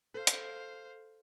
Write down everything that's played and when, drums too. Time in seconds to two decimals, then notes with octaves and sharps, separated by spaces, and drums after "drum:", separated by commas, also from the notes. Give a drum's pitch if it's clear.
0.14 A4 C5 F5
0.27 drum: hi-hat